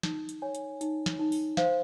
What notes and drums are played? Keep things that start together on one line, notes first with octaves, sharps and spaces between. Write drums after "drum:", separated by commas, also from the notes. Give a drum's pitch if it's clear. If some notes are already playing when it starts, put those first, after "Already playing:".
D#4, drum: snare
drum: hi-hat
C#5 G#5
drum: hi-hat
D#4, drum: hi-hat
drum: snare
D#4
drum: open hi-hat
C5 F5, drum: snare